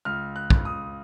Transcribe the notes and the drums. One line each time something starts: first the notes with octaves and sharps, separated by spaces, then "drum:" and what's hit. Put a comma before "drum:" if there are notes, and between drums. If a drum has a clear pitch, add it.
C#2 F6
F#6
C#2, drum: kick
D#6